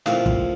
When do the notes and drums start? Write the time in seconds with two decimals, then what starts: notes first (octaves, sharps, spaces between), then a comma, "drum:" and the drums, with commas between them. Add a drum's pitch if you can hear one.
0.06 A#1 A2 F3 C4 F4, drum: snare
0.26 drum: kick